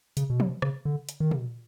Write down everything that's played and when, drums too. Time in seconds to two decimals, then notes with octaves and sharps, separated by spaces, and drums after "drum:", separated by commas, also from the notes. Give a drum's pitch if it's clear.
0.17 C#3, drum: hi-hat
0.30 B2
0.40 C3, drum: tom E3
0.62 C#3, drum: rim click
0.85 D3
1.09 drum: hi-hat
1.20 D#3
1.31 drum: tom